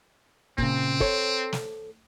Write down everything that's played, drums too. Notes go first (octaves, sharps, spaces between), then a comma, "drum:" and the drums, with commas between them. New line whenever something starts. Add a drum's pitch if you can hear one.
A#2 C#3 C4, drum: kick
A4 C5 C#5, drum: kick
drum: snare